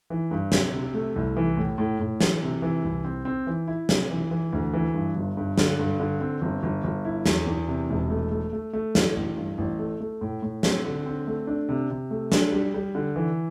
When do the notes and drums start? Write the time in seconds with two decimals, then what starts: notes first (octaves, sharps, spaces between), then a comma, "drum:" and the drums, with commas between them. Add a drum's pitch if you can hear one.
0.10 E3
0.31 G2
0.52 C3, drum: snare
0.73 C3
0.94 A3
1.16 C2
1.37 E3
1.57 A2
1.78 A2
2.00 A2
2.21 E3, drum: snare
2.42 C3
2.62 E3
2.84 C2
3.05 C4
3.25 C4
3.47 E3
3.68 E4
3.89 C3, drum: snare
4.11 E3
4.31 E3
4.53 D2
4.73 E3
4.94 G2
5.16 G1
5.37 G2
5.58 D3, drum: snare
5.79 G2
6.00 D3
6.21 C4
6.42 G1
6.63 G1
6.84 G1
7.05 E4
7.26 E2, drum: snare
7.47 E2
7.68 C3
7.90 E1
8.10 A3
8.32 A3
8.53 A3
8.73 A3
8.95 A1, drum: snare
9.16 A1
9.37 G2
9.58 A1
9.79 A3
10.00 A3
10.21 A2
10.42 A2
10.63 C4, drum: snare
10.85 D3
11.06 C4
11.27 A3
11.47 D4
11.69 C3
11.90 C3
12.11 A3
12.32 D4, drum: snare
12.52 G3
12.74 G3
12.95 D3
13.16 E3